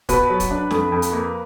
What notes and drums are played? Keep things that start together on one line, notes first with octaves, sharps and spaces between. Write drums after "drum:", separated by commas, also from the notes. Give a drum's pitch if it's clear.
B2 B4, drum: kick, hi-hat
F#3
drum: kick, hi-hat
D4
F2, drum: snare
F2
drum: hi-hat
A#3